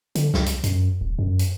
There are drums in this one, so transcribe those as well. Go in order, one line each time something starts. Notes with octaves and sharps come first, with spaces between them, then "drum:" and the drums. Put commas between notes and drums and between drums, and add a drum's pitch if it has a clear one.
D3, drum: hi-hat
C#2, drum: snare
drum: hi-hat
F#2, drum: hi-hat
D#1
F#2
drum: hi-hat